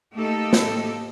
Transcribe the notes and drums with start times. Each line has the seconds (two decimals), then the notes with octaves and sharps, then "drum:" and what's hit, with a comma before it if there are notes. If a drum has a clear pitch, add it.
0.13 A3 A#3 D#4 G4 A4
0.53 drum: snare